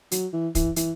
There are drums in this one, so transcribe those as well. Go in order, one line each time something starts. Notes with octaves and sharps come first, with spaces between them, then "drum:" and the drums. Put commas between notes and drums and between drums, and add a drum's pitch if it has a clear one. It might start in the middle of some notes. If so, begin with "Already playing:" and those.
F#3, drum: hi-hat
E3
E3, drum: kick, hi-hat
E3, drum: hi-hat